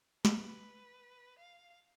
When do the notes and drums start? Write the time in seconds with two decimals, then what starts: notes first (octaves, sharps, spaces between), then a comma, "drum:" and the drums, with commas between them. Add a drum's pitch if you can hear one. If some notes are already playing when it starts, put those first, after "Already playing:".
0.25 B4, drum: snare
1.39 F5